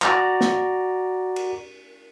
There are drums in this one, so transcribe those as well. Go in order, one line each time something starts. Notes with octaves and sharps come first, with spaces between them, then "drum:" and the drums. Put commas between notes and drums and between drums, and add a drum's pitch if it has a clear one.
F#4 D5 A#5, drum: clap
drum: snare
drum: cymbal